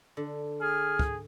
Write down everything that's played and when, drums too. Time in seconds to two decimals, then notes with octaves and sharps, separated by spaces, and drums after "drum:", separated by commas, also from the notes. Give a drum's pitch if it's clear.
0.17 D3
0.61 G#4 F6
0.99 drum: kick